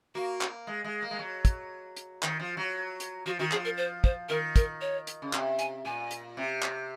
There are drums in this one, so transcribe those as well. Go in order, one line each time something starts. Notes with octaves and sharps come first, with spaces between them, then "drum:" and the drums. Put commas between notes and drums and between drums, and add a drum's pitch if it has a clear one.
A#3 F#4
drum: clap
G#3
G#3
A#3
G#3
F#3
drum: kick, hi-hat
drum: hi-hat
D#3, drum: clap
F3
F#3
drum: hi-hat
F3 F#4
D#3 F#4
F3 G#4, drum: clap
A#4
C5
C5, drum: kick
D#3 A#4
A#4, drum: kick, hi-hat
C#5
drum: hi-hat
C#3
C3, drum: clap
G#5, drum: hi-hat
A#2 G#5
drum: hi-hat
C3
drum: clap